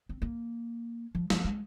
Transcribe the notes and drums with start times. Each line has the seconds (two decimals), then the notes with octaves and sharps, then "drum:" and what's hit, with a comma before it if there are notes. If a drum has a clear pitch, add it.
0.09 C4
0.22 A#3
1.15 F3
1.30 F3, drum: snare
1.45 G#3